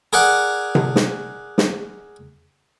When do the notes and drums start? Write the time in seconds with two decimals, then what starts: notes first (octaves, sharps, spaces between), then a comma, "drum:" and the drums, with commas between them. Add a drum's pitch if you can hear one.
0.13 G#4 A#4 D5 F#5
0.75 drum: tom C3
0.96 drum: snare
1.58 drum: snare